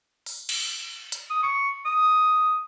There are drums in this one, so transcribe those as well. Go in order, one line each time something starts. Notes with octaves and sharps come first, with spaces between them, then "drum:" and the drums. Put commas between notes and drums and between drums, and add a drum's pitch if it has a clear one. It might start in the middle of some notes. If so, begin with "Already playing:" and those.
drum: open hi-hat
drum: cymbal
drum: hi-hat
D#6
C#6
D#6